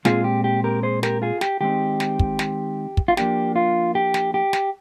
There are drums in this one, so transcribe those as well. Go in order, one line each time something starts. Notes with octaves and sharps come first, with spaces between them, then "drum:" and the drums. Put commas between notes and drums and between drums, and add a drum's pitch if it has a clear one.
A#2 G#3 C4 F4 G#4, drum: snare
G4
G4
G4 A#4
G#4 C5
G4 A#4, drum: snare
F4 G#4
G4, drum: snare
D#3 G#3 C4 D#4 G4
drum: snare
drum: kick
drum: snare
drum: kick
F4
F3 A#3 D4 G4, drum: snare
F4
G4
drum: snare
G4
drum: snare